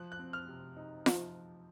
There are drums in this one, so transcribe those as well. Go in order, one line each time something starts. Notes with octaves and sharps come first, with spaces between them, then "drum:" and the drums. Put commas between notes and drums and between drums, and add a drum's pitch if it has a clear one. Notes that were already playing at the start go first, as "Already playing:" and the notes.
Already playing: F3 F#6
F#6
C4
F6
C3
D#4
F3, drum: snare F4